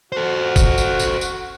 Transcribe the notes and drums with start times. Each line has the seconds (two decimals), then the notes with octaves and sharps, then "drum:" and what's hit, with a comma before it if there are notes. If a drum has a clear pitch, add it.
0.12 F#4 A4 C5
0.56 drum: kick, tambourine
0.78 drum: tambourine
1.00 drum: tambourine
1.21 drum: tambourine